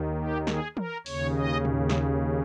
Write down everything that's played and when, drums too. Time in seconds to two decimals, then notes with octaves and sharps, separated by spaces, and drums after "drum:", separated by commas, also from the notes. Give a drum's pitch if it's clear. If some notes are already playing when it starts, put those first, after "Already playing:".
Already playing: D#2 D#3
0.17 G4
0.47 G#4, drum: snare
0.77 A#4, drum: tom E3
1.06 D#2 C#3 C#5, drum: open hi-hat
1.37 D#5
1.65 drum: tom A2
1.89 drum: snare